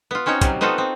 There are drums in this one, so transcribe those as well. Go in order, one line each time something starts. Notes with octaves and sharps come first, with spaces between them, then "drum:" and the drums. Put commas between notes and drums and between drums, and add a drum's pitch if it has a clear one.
B3 F4
C4 C#4 D#4 F#4 C#5
C3 F#3 G3, drum: kick, hi-hat
B3 C4 D#4 F4 F#4 A4
C4